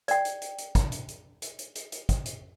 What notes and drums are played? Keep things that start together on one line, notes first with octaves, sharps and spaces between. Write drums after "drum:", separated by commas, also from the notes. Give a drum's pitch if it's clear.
D5 G5, drum: hi-hat
drum: hi-hat
drum: hi-hat
drum: hi-hat
drum: kick, hi-hat
drum: hi-hat
drum: hi-hat
drum: hi-hat
drum: hi-hat
drum: hi-hat
drum: hi-hat
drum: kick, hi-hat
drum: hi-hat